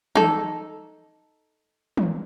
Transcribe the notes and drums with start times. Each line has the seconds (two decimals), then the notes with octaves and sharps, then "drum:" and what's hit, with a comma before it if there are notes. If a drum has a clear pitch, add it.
0.15 D#4 A4, drum: tom
1.97 drum: tom